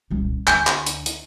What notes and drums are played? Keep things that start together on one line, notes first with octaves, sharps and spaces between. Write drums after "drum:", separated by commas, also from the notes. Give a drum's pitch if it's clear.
D#1 C2
D2 G#5 G6, drum: clap
drum: clap
drum: hi-hat
drum: hi-hat